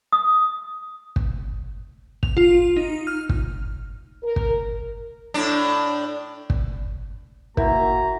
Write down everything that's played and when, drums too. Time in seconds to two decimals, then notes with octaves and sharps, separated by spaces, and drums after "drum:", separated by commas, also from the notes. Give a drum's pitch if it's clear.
0.12 D#6
1.16 drum: kick
2.23 F7, drum: kick
2.37 F4
2.77 D#4
3.07 F6
3.29 drum: kick
4.23 A#4
4.36 drum: kick
5.34 A2 D4
6.50 drum: kick
7.57 A#3 E4 F#4 A#4 A#5, drum: kick